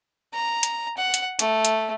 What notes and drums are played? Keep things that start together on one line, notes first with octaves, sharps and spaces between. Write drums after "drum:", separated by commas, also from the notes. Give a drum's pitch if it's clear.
A#5
drum: hi-hat
F#5
drum: hi-hat
A3, drum: hi-hat
drum: hi-hat